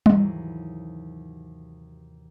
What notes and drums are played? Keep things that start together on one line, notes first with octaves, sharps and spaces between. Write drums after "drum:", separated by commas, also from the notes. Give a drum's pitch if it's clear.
D#2 G#2 C3 E3 F#3, drum: tom G3